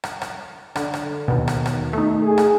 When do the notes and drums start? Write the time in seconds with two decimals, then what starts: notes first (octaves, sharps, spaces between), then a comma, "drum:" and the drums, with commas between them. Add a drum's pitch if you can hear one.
0.04 drum: rim click
0.22 drum: rim click
0.76 D3, drum: rim click
0.94 drum: rim click
1.28 D#2 B2
1.48 drum: rim click
1.66 drum: rim click
1.93 A3 D#4
2.23 G#4
2.38 drum: rim click